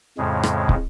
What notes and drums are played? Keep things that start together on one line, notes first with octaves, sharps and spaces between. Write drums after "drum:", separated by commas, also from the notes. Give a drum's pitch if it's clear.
F2 A2 C#3 G#3
drum: rim click
drum: kick